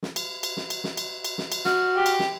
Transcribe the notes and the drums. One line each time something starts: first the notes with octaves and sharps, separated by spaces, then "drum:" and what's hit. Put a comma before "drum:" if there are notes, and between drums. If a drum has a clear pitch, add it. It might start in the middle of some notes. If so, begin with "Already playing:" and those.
drum: snare
drum: cymbal
drum: cymbal
drum: snare
drum: cymbal
drum: snare
drum: cymbal
drum: cymbal
drum: snare
drum: cymbal
F#4 F6, drum: snare
G4
drum: cymbal
drum: snare